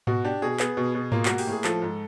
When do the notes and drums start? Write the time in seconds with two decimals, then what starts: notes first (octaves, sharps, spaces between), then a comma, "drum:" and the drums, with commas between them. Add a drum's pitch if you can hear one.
0.07 B2 F#4, drum: tom G#2
0.25 D4 G4
0.42 B2 G#4
0.60 B3 G#4, drum: clap
0.77 B2
0.95 B2
1.12 A#3 F4, drum: tom G#2
1.25 A#3 F#4, drum: clap
1.38 G4, drum: open hi-hat
1.47 A2 G#4
1.64 F3 A4, drum: clap
1.82 G#2